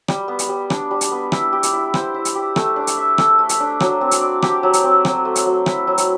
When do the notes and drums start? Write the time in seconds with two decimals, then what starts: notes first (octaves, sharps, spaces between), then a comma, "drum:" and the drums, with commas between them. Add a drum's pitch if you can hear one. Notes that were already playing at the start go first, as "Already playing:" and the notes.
0.08 G3, drum: rim click
0.28 B3
0.39 drum: hi-hat
0.49 G3
0.70 D4, drum: rim click
0.91 G3
1.01 drum: hi-hat
1.12 B3
1.32 E4, drum: rim click
1.53 G4
1.63 drum: hi-hat
1.73 E4
1.94 C5, drum: rim click
2.14 E4
2.25 drum: hi-hat
2.35 G4
2.56 A3, drum: rim click
2.76 D4
2.87 drum: hi-hat
2.97 E5
3.18 A4, drum: rim click
3.39 A3
3.49 drum: hi-hat
3.60 D4
3.80 F#3, drum: rim click
4.01 C4
4.11 drum: hi-hat
4.21 D5
4.42 G4, drum: rim click
4.63 F#3
4.73 drum: hi-hat
4.84 C4
5.05 F#3, drum: rim click
5.25 A3
5.35 drum: hi-hat
5.46 F#3
5.66 E4, drum: rim click
5.87 F#3
5.98 drum: hi-hat